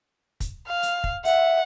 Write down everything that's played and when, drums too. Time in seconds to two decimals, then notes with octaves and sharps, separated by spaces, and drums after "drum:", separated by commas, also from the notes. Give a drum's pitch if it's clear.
0.40 drum: kick, hi-hat
0.67 F5
0.83 drum: hi-hat
1.04 drum: kick
1.25 E5 F#5, drum: open hi-hat